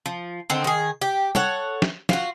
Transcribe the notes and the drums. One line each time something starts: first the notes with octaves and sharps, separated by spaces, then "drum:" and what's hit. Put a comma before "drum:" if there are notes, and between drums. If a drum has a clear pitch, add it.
F3
D3 D#3 C4
D#3 G#4
G4
A4 C#5 F#5, drum: tom
drum: snare
F4 F#4, drum: snare